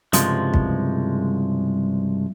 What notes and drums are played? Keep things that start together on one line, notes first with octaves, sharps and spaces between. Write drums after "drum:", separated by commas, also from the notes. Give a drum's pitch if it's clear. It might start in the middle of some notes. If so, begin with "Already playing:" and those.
C2 G2 C#3 F3 G#3, drum: hi-hat
drum: kick